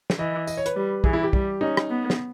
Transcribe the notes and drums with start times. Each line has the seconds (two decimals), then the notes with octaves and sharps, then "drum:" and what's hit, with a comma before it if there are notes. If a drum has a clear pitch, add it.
0.10 drum: snare
0.19 E3 D#5
0.47 D#5, drum: tambourine
0.57 C#5
0.66 B4, drum: hi-hat
0.76 G3
1.04 E3 G#4, drum: kick
1.13 E4
1.23 G4
1.33 G3, drum: kick
1.61 C#4 D#4
1.77 drum: rim click
1.90 B3
2.10 drum: snare